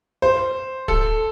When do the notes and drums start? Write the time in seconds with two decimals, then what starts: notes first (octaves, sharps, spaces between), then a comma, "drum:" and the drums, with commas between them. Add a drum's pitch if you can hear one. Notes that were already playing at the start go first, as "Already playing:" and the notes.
0.22 C5
0.88 A4, drum: kick